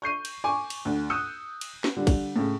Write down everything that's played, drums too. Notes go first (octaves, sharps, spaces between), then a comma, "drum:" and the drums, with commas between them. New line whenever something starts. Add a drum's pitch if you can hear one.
C#6 G6 C7 D#7
drum: cymbal
G#5 C#6 D6
drum: cymbal
D2
D#6 E6 F#6 G6 C#7
drum: cymbal
drum: snare
D3 G3
drum: kick, cymbal
A2 C#3